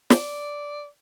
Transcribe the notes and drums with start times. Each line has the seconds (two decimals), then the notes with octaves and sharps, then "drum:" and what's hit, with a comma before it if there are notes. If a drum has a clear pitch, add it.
0.10 D5, drum: snare